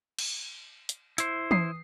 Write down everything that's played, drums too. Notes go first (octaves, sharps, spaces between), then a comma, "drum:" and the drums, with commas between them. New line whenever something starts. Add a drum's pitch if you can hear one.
drum: cymbal
drum: hi-hat
E4 C5, drum: hi-hat
D#6 C7, drum: tom E3